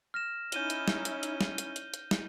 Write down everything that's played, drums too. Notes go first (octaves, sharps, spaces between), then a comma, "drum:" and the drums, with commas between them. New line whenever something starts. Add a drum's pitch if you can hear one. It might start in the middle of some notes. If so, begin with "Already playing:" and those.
F6 A#6 E7
C#4 D#4 E4 G6 D#7 G7, drum: hi-hat
drum: hi-hat
drum: snare
drum: hi-hat
drum: hi-hat
drum: snare
drum: hi-hat
drum: hi-hat
drum: hi-hat
drum: snare